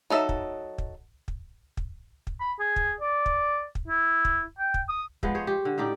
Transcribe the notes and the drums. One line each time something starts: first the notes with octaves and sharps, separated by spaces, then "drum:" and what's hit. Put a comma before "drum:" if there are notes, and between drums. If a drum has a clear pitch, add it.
F#3 D#4 A4 E5
drum: kick
drum: kick
drum: kick
drum: kick
drum: kick
B5
G#4
drum: kick
D5
drum: kick
drum: kick
E4
drum: kick
G5
drum: kick
D#6
F3 G#3 B3, drum: kick
G#4 C5 C#5
G4
D3
A2 D#4 G4 D5